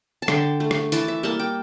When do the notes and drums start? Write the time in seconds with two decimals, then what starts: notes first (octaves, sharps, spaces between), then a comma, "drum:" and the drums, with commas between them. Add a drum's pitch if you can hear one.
0.22 A5
0.28 D3 G5, drum: rim click
0.60 A3
0.71 drum: rim click
0.92 E3 A5, drum: hi-hat
1.08 E5
1.23 G3 A#3 A5
1.39 G5